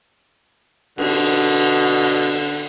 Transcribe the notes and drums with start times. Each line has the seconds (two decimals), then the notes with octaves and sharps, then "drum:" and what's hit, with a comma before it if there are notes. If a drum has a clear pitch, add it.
0.98 B2 D3, drum: cymbal